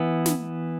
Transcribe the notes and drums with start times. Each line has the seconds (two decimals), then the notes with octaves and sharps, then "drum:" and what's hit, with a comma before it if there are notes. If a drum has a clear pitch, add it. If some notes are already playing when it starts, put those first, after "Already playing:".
Already playing: E3 B3
0.26 drum: snare